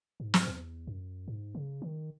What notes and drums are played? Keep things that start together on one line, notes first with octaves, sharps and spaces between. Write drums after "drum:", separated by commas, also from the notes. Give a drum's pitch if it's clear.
G#2
drum: snare
E2
F#2
G#2
C#3
D#3